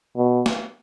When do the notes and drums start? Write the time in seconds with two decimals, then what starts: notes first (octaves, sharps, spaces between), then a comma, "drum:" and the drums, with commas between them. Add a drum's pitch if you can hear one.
0.17 B2
0.46 drum: snare